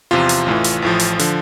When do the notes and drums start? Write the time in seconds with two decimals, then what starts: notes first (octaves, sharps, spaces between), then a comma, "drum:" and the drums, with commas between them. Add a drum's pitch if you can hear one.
0.11 E2 C3 F3 F4
0.29 drum: hi-hat
0.46 A1 A2 E3
0.64 drum: hi-hat
0.82 A1 A2 F3
0.99 drum: hi-hat
1.19 D3 F3, drum: hi-hat